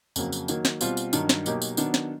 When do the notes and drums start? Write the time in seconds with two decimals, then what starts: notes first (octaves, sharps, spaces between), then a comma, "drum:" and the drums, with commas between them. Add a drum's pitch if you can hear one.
0.16 F2 C#3 F#3 A#3, drum: tambourine
0.32 drum: tambourine
0.48 D#3 F#3 A#3, drum: tambourine
0.65 drum: snare
0.81 B2 G3 C4 F4, drum: tambourine
0.97 drum: tambourine
1.13 G2 D#3 F#3, drum: tambourine
1.29 drum: snare
1.46 B2 F#3 A#3 D#4 G4, drum: tambourine
1.62 drum: tambourine
1.77 D#3 F#3 B3 D4, drum: tambourine
1.94 drum: snare